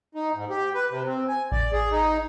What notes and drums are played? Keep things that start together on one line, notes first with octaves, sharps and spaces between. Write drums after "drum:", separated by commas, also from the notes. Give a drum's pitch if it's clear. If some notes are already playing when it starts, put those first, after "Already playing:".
D#4
G#2
G4
B4
C3
C4
G#5
D5, drum: kick A1
G#4
D#4